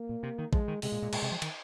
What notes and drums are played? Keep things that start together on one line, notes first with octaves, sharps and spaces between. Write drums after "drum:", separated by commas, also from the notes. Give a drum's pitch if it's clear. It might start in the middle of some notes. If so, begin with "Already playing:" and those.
Already playing: A#3
A#2
C3
D#3
F3 G#3, drum: kick
D#3
C3 G#3, drum: open hi-hat
A#2
A#2
A#2, drum: cymbal
C3
F3
D#3, drum: cymbal